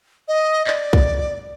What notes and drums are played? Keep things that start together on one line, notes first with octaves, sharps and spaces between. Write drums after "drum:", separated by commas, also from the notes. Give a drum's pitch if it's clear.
D#5
D5, drum: clap
drum: kick